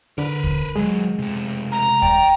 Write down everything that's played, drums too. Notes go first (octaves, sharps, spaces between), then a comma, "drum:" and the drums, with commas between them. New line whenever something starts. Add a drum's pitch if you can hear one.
D3 A#4 B4
drum: kick
D#3 F#3 G#3
C3 A3
A#5
D5 G5, drum: kick